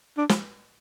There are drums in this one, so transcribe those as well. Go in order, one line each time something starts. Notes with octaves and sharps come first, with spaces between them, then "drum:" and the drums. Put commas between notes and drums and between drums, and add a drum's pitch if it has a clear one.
D4
drum: snare